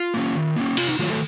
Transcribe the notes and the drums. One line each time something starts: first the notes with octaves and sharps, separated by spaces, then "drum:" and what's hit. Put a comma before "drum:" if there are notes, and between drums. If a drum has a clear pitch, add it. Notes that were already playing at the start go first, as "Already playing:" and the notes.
Already playing: F4
A#3 C#4
D#3
A#3 C#4
C3 F4, drum: cymbal
D#4
D#3 F#3 A3 F4
A3 A4